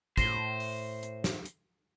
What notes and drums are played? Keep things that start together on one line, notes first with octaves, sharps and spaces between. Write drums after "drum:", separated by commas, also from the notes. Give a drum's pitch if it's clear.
A2 C5 A#6 C7 G7, drum: kick, hi-hat
drum: open hi-hat
drum: hi-hat
drum: snare
drum: hi-hat